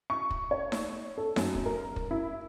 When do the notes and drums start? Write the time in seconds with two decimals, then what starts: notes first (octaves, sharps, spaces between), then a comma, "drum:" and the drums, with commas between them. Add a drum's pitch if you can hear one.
0.10 C#6
0.30 drum: kick
0.51 C#5
0.72 drum: snare D#4
1.18 A4
1.36 F#2, drum: snare D#4
1.55 drum: kick
1.66 A#4
1.96 drum: kick
2.11 E4